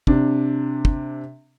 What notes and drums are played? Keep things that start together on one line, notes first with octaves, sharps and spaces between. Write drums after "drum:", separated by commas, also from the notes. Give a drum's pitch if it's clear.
C3 D4, drum: kick
drum: kick